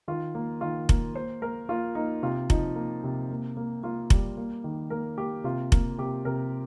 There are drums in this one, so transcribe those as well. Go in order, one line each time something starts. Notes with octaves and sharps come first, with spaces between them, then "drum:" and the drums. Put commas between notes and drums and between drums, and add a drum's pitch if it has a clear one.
D#3 F4
A#3
D#3 F4
A#3, drum: kick F1
A#3 C5
A#3 A#4
A#3 F4
A#3 D#4
C3 F4
F3 D#4, drum: kick F1
A#3
C3
A#3
A#3
A#3 F4
G3, drum: kick F1
A#3
D#3
A#3 A#4
A#3 G4
C3 F4
A#3, drum: kick F1
C3 G4
C3 A#4